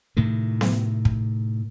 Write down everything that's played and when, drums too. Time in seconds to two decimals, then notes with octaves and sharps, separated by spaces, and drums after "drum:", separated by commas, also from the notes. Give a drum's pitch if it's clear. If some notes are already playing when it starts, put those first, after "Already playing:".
0.17 A2 C3 D#3
0.61 drum: snare B3
1.05 drum: kick